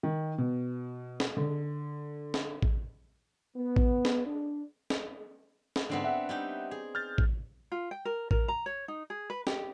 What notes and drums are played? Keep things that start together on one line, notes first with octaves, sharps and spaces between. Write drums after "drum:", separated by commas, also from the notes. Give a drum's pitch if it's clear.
D#3
B2
drum: snare
D3
drum: snare
drum: kick A1
B3
drum: kick A1
drum: snare
D4
drum: snare
drum: snare
G#2 D3 B3 C4 D4
E5 F#5
G3 D#4 G4
G#4
F6 G6 A6
drum: kick A1
F4
G5
A#4
A#4, drum: kick A1
A#5
C#5
D#4
G#4
B4
G4, drum: snare